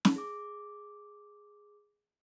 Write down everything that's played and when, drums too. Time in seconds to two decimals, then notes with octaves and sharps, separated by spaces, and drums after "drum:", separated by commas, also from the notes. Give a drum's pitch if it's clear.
0.05 drum: snare
0.16 G#4 D6